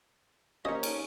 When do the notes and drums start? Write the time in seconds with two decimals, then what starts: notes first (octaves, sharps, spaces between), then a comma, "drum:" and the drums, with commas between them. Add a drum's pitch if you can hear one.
0.65 A#3 C#4 G4 C5 C#5 D#5
0.83 drum: cymbal